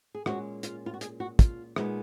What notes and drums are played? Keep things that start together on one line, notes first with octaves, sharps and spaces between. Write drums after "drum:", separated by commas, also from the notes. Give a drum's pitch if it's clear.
G#4
A#2 G#3 C#4 F#4, drum: rim click
F4, drum: hi-hat
F4
F#4
G#4, drum: hi-hat
F#4
F4, drum: kick, hi-hat
A#2 G#3 B3 D#4, drum: rim click